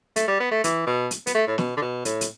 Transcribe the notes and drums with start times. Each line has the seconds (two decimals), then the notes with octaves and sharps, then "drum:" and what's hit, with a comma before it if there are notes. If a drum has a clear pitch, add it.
0.16 A3, drum: hi-hat
0.28 G3
0.40 B3
0.51 A3
0.64 E3, drum: hi-hat
0.87 B2
1.11 drum: hi-hat
1.27 B3, drum: hi-hat
1.34 A3
1.47 A2
1.58 B2, drum: snare
1.77 D3
1.82 B2
2.05 A2, drum: hi-hat
2.21 drum: hi-hat